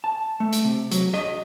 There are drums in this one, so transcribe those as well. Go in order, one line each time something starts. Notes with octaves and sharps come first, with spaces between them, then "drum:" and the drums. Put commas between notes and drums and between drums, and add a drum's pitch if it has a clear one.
A5
A3
drum: hi-hat
C3
F#3, drum: hi-hat
D#5, drum: rim click